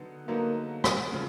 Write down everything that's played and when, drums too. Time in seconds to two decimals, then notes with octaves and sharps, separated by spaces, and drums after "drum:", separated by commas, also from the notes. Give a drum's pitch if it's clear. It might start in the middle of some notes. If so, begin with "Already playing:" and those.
Already playing: D3 F#3 B3 D#4
0.27 D3 F#3 A#3 B3 D#4
0.84 drum: rim click
1.12 C#3 F3